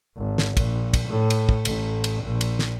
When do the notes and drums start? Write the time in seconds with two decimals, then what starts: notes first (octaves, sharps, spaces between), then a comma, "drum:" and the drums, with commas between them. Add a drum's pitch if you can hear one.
0.17 G#1
0.38 drum: snare
0.57 A#1, drum: kick, cymbal
0.93 drum: kick, cymbal
1.08 A2
1.30 drum: cymbal
1.49 drum: kick
1.65 A1, drum: cymbal
2.04 drum: cymbal
2.23 A#1
2.41 drum: cymbal
2.59 drum: snare